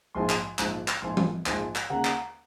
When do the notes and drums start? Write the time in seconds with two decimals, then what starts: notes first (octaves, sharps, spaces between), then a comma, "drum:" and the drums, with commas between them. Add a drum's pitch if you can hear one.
0.15 A#1 G#2 F3 G#3 G#5 C6
0.29 drum: clap
0.59 A#1 G#2 F3 G#3, drum: clap
0.88 drum: clap
1.02 A#1 G#2 F3 G#3 G#5 C6
1.17 drum: tom E3
1.46 A#1 G#2 F3 G#3 G#5 C6, drum: clap
1.75 drum: clap
1.90 D#2 C#3 G#3 F#5 A#5
2.05 drum: clap